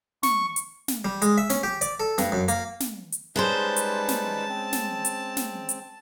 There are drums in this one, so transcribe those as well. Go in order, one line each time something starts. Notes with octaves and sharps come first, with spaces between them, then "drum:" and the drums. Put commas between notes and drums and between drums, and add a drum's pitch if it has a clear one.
C#6, drum: snare
drum: hi-hat
drum: snare
G3
G#3, drum: hi-hat
E5
C#4, drum: snare
G4
D5, drum: hi-hat
A4
G2, drum: snare
F#2
A#3, drum: hi-hat
drum: snare
drum: hi-hat
G3 G#3 C#4 D#4 B4 C5 A5
drum: hi-hat
drum: snare
C4
drum: snare
drum: hi-hat
drum: snare
drum: hi-hat